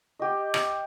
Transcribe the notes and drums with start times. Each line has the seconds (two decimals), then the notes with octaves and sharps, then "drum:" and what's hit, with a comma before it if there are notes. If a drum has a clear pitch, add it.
0.19 G4 D#5
0.54 drum: rim click